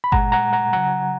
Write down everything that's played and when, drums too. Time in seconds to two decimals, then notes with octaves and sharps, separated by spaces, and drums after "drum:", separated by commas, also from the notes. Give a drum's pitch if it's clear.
0.04 B5
0.12 A#2 G#3 F#5 A#5, drum: kick G1
0.32 F#5 A#5
0.53 F#5 A#5
0.73 C#3 F#3 F#5 A#5